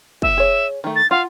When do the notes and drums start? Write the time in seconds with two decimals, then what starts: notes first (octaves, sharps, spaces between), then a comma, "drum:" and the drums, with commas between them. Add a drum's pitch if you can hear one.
0.22 E5, drum: kick
0.37 G#4 C#5
0.84 D#3 A3
0.96 A6
1.11 F4 F5 F#5